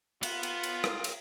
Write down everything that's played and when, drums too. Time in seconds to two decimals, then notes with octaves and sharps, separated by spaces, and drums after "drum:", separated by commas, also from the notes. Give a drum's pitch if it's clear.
0.23 B3 F4, drum: cymbal
0.43 drum: cymbal
0.63 drum: cymbal
0.84 drum: rim click
1.04 drum: cymbal